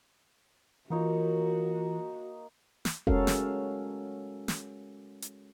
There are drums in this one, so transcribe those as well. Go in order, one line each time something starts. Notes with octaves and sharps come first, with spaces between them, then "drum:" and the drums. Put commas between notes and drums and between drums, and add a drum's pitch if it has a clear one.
E3 A#3 D#4 F4 F#4 C#5
drum: snare
G#3 C#4 F#4 A4 A#4 F5, drum: kick F1
drum: snare
drum: snare
drum: hi-hat